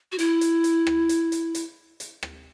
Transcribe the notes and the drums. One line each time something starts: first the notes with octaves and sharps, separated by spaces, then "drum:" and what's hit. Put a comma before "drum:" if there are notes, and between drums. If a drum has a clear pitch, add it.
F#4
E4, drum: hi-hat
drum: hi-hat
drum: hi-hat
drum: rim click
drum: hi-hat
drum: hi-hat
drum: hi-hat
drum: hi-hat
drum: rim click